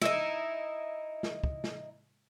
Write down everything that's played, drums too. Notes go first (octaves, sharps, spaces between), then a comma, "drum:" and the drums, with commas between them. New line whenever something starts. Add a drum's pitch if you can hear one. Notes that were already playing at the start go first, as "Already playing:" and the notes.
D#4 E4, drum: snare
drum: snare
drum: kick
drum: snare